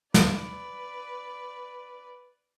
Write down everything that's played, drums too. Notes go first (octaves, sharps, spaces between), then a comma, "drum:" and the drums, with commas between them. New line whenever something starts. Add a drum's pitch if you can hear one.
B4 D5, drum: snare